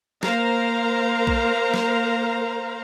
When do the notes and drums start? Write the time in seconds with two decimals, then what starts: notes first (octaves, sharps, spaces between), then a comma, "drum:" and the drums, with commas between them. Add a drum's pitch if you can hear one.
0.23 A#3 A#4 C5 F5 A#5, drum: snare
1.27 drum: kick A#1
1.74 drum: snare